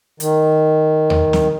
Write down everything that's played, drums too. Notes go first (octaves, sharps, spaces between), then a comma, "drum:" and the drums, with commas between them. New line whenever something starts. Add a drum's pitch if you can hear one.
D#3, drum: hi-hat
drum: tom D#2
drum: snare